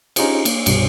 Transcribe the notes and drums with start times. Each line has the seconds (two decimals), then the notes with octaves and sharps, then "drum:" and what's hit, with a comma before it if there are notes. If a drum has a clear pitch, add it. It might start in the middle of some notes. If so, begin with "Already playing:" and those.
0.16 C#4 D#4 F4 G4 G#4 C5, drum: cymbal
0.45 A#3, drum: cymbal
0.66 C2 G2 B2, drum: cymbal